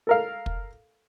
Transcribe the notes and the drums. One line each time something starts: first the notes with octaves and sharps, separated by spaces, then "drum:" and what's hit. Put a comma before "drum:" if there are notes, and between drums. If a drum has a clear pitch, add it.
A4 A#4 F5
drum: kick